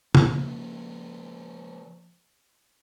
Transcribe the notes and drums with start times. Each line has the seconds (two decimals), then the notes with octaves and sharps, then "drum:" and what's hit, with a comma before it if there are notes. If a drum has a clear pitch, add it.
0.15 C#3 F3 A#3, drum: tom